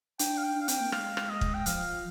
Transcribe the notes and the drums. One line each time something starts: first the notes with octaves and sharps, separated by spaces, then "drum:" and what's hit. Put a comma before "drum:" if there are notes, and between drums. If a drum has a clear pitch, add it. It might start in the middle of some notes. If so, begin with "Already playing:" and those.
D4 G5, drum: hi-hat
F5
G5
D4
F5
C4 G5, drum: hi-hat
A#3
G#3 F5, drum: rim click
drum: rim click
D#5
drum: kick
G5
F3 F5, drum: hi-hat